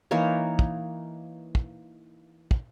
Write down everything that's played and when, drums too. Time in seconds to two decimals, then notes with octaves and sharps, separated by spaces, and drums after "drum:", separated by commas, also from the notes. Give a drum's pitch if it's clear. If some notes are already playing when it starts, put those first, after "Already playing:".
0.11 E3 A#3 D#4 C#5
0.59 drum: kick
1.55 drum: kick
2.51 drum: kick